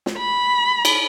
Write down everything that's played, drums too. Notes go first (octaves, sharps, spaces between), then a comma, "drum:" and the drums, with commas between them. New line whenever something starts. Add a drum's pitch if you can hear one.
drum: snare
B5
drum: cymbal